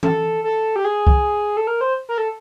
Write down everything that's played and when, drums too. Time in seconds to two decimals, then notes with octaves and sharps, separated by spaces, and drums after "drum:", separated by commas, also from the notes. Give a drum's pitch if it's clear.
0.03 A4, drum: tom E3
0.44 A4
0.76 G4
0.85 G#4
1.07 drum: kick
1.57 A4
1.67 A#4
1.81 C5
2.09 A#4
2.18 A4